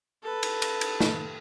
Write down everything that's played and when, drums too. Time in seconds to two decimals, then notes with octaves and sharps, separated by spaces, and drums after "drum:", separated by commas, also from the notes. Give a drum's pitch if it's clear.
0.23 A4 B4
0.43 drum: cymbal
0.62 drum: cymbal
0.81 drum: cymbal
1.00 drum: snare